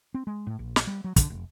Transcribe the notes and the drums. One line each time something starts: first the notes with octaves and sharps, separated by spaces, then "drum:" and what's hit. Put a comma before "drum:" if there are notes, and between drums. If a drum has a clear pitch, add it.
C4
G#3
A2
A#1
drum: snare
G3
F#3
D3, drum: kick, hi-hat
F1